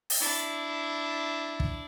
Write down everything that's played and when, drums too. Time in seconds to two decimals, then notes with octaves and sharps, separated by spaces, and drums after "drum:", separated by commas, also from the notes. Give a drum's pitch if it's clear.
0.10 drum: open hi-hat
0.21 D4 E4
1.60 drum: kick